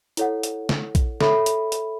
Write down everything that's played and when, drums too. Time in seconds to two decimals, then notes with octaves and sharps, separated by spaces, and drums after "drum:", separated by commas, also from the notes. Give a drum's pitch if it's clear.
0.17 E4 A4 C#5 F#5, drum: hi-hat
0.43 drum: hi-hat
0.69 drum: snare
0.95 drum: kick A#1, hi-hat
1.21 A4 C#5 E5 B5, drum: snare
1.46 drum: hi-hat
1.72 drum: hi-hat